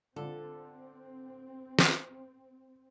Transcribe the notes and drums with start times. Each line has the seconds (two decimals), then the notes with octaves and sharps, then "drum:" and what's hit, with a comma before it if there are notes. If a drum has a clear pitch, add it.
0.16 D3 C4 F4 A4
1.79 drum: snare